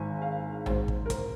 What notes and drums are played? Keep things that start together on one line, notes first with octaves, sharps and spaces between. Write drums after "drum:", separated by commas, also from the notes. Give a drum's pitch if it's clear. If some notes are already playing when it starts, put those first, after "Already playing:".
Already playing: G#1 G#2 D#3 G#3 G#5
F5
G#1 G#2 G#3 C5, drum: tom A#1
drum: kick
A#4
C5, drum: kick, hi-hat